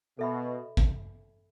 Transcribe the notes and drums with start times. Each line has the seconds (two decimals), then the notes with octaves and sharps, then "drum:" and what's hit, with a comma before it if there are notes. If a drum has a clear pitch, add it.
0.19 B2 A4 E5 B5
0.77 drum: kick G#1